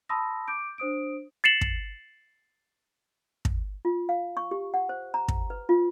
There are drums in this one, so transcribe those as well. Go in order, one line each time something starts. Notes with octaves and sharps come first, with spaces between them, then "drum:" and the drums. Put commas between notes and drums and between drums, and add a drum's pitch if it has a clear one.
A5 B5 C6 D#6 E6 A#6
D6 G6 D7
D4 C5 D#6 D7
A6 C7 C#7 E7 F#7
drum: kick
drum: kick
F4
F5
C#6
G4
F#5
C5
A#5
drum: kick
B4
F4